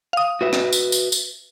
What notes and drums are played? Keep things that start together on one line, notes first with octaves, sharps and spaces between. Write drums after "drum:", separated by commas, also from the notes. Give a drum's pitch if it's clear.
F5 D#6
F#4 B4 E5
drum: rim click
drum: tambourine
drum: tambourine
drum: tambourine